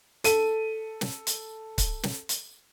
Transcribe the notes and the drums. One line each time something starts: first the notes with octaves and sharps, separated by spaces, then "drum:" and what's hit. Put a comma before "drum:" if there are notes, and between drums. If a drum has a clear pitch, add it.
A4 D#7, drum: hi-hat
drum: snare
drum: hi-hat
drum: kick C#1, hi-hat
drum: snare
drum: hi-hat